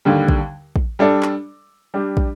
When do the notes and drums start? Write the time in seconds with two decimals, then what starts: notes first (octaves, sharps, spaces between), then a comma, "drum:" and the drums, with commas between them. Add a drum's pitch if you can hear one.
0.05 D#2 D3 G3
0.28 drum: kick
0.76 drum: kick
0.99 G3 D4 A4 D5
1.23 drum: clap
1.94 G3 D4 G4
2.17 drum: kick